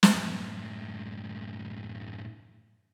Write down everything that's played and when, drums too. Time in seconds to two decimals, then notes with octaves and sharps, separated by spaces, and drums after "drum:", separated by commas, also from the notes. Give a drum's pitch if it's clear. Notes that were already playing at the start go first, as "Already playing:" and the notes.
0.03 drum: snare
0.15 F#2 A2